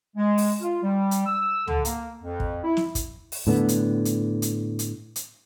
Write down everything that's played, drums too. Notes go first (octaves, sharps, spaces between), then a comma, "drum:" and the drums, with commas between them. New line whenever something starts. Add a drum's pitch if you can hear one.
G#3
drum: open hi-hat
F4
G3
drum: hi-hat
E6
D3, drum: tom C#2
A#3, drum: hi-hat
F2
drum: kick
E4
drum: snare
drum: kick, hi-hat
drum: open hi-hat
A2 D3 B3
drum: hi-hat
drum: hi-hat
drum: hi-hat
drum: hi-hat
drum: hi-hat